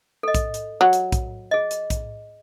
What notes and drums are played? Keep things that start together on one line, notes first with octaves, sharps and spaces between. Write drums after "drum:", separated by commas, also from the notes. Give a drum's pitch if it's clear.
A4 D#5
drum: kick A#1, hi-hat
drum: hi-hat
F#3
drum: hi-hat
drum: kick A#1, hi-hat
G#4 D#5
drum: hi-hat
drum: kick A#1, hi-hat